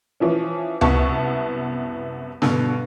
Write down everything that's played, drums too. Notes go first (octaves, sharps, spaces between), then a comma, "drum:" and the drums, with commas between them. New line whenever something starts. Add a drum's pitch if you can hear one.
E3 F3 C#4
C2 F#2 B3 E4 A5 C#6, drum: tom C#2
G2 B2 D3, drum: snare